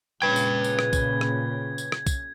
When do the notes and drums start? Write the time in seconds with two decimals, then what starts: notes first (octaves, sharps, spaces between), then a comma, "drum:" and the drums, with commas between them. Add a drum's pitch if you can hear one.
0.22 A#2 C#3 B4 G5 G#6
0.36 drum: tambourine
0.64 drum: tambourine
0.79 drum: rim click
0.93 drum: kick B1, tambourine
1.21 drum: rim click
1.78 drum: tambourine
1.92 drum: rim click
2.07 drum: kick B1, tambourine